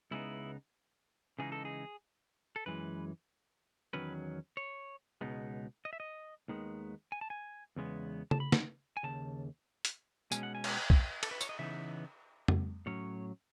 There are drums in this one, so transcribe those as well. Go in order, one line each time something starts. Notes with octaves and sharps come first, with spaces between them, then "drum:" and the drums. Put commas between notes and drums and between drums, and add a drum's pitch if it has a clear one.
C#2 C#3 G#3 B3 D#4 E4
C#3 E3 G#3 B3 D#4 G#4
A4
G#4
A4
F#2 E3 G#3 B4
E2 D#3 F#3 C#4 B4
C#5
C#2 B2 G#3 B3 D#4
D#5
E5
D#5
D#2 D#3 G#3 B3
G#5
A5
G#5
E2 C#3 G#3 B3
A5, drum: tom C#3
B5
drum: snare
G#5
D#2 C#3 A5
drum: hi-hat
B2 G#3 C#4 G#5, drum: tambourine
F#5
G#5
drum: cymbal
drum: kick A#1
A4, drum: cymbal
B4
C#5, drum: tambourine
D#5
C#3 E3 B3 D#4 E5
drum: tom F2
A2 F#3 C#4 C#5